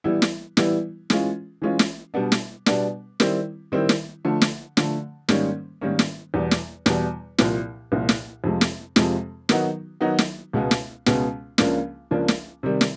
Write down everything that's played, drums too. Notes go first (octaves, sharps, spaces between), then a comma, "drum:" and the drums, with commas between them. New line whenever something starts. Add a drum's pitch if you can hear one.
E3 G3 B3 E4
drum: snare
E3 G3 B3 E4, drum: snare
E3 G#3 C#4 F4, drum: snare
E3 G#3 C#4 F4
drum: snare
B2 G3 B3 D4
drum: snare
B2 G3 B3 D4, drum: snare
D#3 G3 C4 E4, drum: snare
D#3 G3 C4 E4
drum: snare
D3 F3 A3
drum: snare
D3 F3 A3, drum: snare
G#2 D#3 G3 A#3 C#4, drum: snare
G#2 D#3 G3 A#3 C#4
drum: snare
E2 B2 G3 B3
drum: snare
E2 B2 G3 B3, drum: snare
C2 A#2 F3, drum: snare
C2 A#2 F3
drum: snare
F2 C3 F3 G#3
drum: snare
F2 C3 F3 G#3, drum: snare
D#3 F#3 B3 D#4 F#4, drum: snare
D#3 F#3 B3 D#4 F#4
drum: snare
C#2 B2 G#3 B3
drum: snare
C#2 B2 G#3 B3, drum: snare
C#2 C#3 F3 A#3 D4, drum: snare
C#2 C#3 F3 A#3 D4
drum: snare
C3 D#3 G3
drum: snare